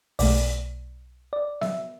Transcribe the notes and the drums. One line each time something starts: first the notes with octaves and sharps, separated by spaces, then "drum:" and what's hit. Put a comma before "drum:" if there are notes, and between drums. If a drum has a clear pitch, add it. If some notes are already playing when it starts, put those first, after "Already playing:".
B1 B2 A3 D5, drum: open hi-hat
D5
E5, drum: snare B3